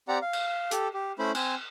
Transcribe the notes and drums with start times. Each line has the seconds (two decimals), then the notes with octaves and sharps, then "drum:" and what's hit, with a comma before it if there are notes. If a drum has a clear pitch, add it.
0.08 C4 G4 D5 F#5 A#5
0.22 F5
0.33 drum: cymbal
0.71 G4 A4, drum: hi-hat
0.94 G4
1.19 A3 C#4 E4 C5 B5
1.35 C4 G#5, drum: cymbal